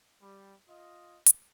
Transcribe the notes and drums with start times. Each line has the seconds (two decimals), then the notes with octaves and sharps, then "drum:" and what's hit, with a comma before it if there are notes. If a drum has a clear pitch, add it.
0.22 G3
0.69 F4 D#5
1.26 drum: hi-hat